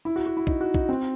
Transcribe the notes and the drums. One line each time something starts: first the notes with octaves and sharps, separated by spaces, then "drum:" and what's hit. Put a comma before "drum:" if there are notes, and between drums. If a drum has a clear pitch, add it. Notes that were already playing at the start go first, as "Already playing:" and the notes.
E4
F#4
F#4
E4
D#4, drum: kick
F#4
D#4, drum: kick
C4